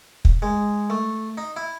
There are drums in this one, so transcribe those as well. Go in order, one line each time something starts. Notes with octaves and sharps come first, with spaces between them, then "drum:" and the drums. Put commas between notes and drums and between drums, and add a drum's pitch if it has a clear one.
drum: kick
G#3
A3
D#4
E4